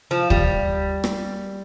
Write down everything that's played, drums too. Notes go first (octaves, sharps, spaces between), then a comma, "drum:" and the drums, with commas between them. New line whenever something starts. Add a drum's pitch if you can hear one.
F3
G3, drum: kick
drum: rim click